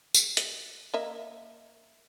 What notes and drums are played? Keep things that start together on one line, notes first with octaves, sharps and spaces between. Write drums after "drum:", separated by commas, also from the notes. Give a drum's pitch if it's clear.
drum: tambourine
drum: hi-hat
A#3 D#5 E5